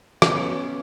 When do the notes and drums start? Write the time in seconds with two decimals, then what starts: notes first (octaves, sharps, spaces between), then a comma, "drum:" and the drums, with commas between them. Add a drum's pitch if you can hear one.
0.22 B3 C#4, drum: rim click